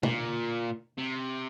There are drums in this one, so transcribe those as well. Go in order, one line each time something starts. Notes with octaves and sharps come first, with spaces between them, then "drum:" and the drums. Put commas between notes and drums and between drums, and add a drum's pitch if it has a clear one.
A#2, drum: tom B2
C3